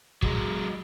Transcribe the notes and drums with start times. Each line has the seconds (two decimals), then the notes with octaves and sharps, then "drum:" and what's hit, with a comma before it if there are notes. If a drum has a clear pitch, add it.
0.22 F#3 G#3, drum: kick